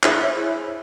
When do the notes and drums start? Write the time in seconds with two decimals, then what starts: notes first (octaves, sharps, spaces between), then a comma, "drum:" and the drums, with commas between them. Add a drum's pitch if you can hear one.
0.03 E4 G#4 C5 C#5, drum: clap